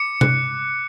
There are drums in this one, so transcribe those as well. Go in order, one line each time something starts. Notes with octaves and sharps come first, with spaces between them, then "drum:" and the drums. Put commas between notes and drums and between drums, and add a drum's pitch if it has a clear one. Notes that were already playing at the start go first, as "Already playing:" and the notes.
Already playing: D6 C#7
F#6, drum: tom C3